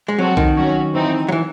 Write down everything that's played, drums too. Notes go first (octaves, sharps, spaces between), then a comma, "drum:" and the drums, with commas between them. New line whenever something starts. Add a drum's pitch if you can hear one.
G#3
F#3 C4 F#4 A4
D#3, drum: kick
F#3 C#4 F#4 C#5
E3 C4 D#4
F#3
E3